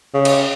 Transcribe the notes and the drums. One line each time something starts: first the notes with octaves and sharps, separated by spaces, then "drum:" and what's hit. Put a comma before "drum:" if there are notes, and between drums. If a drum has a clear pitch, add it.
C#3
drum: cymbal